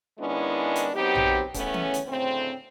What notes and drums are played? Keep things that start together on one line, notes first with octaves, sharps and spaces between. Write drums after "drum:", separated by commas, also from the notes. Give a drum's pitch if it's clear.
D#3 G#3 B3 C#4 D4 E4
drum: hi-hat
F#3 B3 C4 D#4 G4
drum: tom A#1
C#3 E3 A3 B3 C#4, drum: kick, hi-hat
drum: tom E3
drum: hi-hat
D2 A2 C#3 C4